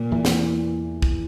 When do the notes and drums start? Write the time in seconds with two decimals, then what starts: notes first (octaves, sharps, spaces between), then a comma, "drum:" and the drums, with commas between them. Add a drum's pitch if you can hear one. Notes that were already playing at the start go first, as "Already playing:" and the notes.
Already playing: A#2
0.12 E2 E3
0.25 drum: snare
1.02 drum: kick